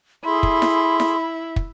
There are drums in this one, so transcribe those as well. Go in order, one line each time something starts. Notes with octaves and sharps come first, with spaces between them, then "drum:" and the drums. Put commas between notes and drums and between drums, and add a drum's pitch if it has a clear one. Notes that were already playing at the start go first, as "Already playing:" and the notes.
E4 G#4 A4 B5 C6
drum: kick
drum: snare E4
drum: snare E4
drum: kick